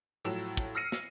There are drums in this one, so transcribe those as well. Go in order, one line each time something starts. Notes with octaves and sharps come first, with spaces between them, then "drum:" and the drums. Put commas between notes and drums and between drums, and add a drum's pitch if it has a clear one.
A2 F3 F#3 E6 E7
drum: kick
E6 F6 A#6 C7 C#7 D#7
drum: snare